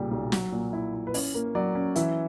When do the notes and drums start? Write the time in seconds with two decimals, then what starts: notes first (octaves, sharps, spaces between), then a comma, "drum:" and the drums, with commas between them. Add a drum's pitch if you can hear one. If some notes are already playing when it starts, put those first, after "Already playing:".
Already playing: B1 A#2 C#3 G3
0.11 B1
0.32 F#3, drum: snare
0.52 A#2
0.73 E4
0.94 E4
1.07 B4
1.14 C#4 C#5, drum: open hi-hat
1.34 A#3
1.55 F#3 D5
1.75 C#4
1.95 E3 E5, drum: hi-hat